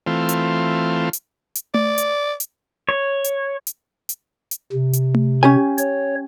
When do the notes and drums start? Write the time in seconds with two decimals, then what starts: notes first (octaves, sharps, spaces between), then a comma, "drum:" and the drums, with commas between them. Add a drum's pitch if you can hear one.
0.07 E3 A3 C4 F4
0.29 drum: hi-hat
1.13 drum: hi-hat
1.55 drum: hi-hat
1.74 D5, drum: tom A3
1.98 drum: hi-hat
2.40 drum: hi-hat
2.89 C#5
3.24 drum: hi-hat
3.67 drum: hi-hat
4.09 drum: hi-hat
4.51 drum: hi-hat
4.73 C3
4.93 drum: hi-hat
5.14 drum: tom A3
5.43 C#4 G4 G#5
5.78 C#5, drum: hi-hat